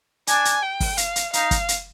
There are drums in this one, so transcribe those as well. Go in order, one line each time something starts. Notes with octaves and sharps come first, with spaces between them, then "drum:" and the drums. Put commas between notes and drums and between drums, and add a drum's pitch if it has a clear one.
D4 G#5, drum: hi-hat
drum: hi-hat
G5
drum: kick, open hi-hat
F5, drum: hi-hat
drum: hi-hat
D#4 F5, drum: hi-hat
drum: kick, hi-hat
drum: hi-hat